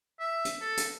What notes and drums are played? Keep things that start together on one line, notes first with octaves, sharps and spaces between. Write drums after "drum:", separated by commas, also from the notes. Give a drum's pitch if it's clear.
E5
drum: hi-hat
A4
drum: hi-hat